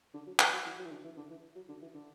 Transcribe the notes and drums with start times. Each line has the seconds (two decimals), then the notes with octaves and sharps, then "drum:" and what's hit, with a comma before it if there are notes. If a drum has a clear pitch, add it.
0.14 D3
0.27 F#3
0.39 E3, drum: clap
0.53 F#3
0.66 E3
0.78 F#3
0.85 E3
0.91 D3
1.04 E3
1.17 D3
1.30 E3
1.56 F#3
1.69 D3
1.82 E3
1.94 D3